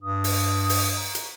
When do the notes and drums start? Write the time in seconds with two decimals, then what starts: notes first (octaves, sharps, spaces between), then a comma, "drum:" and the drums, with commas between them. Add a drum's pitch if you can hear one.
0.01 G2 D#6
0.24 drum: open hi-hat
0.69 drum: open hi-hat
0.96 A#5
1.15 drum: hi-hat